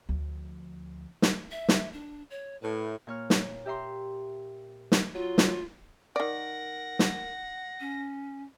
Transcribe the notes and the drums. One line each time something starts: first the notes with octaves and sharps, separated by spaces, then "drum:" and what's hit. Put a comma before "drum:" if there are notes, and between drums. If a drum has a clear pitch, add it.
D2 F3
drum: snare
E5
drum: snare
D4
C#5
A2 B4
A#2 C#5 F6
drum: snare
G4 E5 A#5 C6
drum: snare
F#3 F4
drum: snare
D#3 A#4 D5 F#5 A#6
drum: snare
C#4